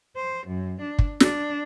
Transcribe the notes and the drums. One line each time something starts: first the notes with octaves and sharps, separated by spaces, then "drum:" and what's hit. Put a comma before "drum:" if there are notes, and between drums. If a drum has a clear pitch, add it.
C5
F#2
D4
drum: kick
D4, drum: snare